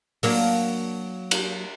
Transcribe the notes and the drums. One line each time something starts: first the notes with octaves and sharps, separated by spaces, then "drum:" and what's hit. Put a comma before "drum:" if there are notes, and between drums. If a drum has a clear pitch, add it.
F#3 A#3 D4, drum: open hi-hat
drum: cymbal